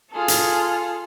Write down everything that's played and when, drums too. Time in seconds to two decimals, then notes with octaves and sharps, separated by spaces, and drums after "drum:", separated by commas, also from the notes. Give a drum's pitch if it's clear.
0.12 F4 G#4 A4
0.28 drum: hi-hat